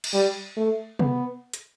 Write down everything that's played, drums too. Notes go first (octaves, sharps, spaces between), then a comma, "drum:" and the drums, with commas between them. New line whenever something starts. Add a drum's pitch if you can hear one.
drum: cymbal
G3
A3
B3, drum: tom C3
drum: hi-hat